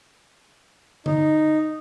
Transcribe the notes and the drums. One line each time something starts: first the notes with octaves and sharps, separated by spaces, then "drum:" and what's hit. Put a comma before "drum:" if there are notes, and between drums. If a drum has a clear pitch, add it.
D#4, drum: tom D3